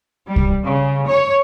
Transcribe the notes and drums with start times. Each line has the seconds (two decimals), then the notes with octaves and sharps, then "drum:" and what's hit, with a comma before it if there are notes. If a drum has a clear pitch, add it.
0.26 G3
0.36 drum: kick
0.64 C#3
1.07 C#5